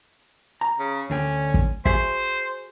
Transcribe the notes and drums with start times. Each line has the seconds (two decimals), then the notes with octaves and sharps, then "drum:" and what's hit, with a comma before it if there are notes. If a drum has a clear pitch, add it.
0.61 A#5
0.79 C#3
1.10 D2 D3 C#4 G5
1.54 drum: kick
1.85 F#4 G#4 C5 E5, drum: kick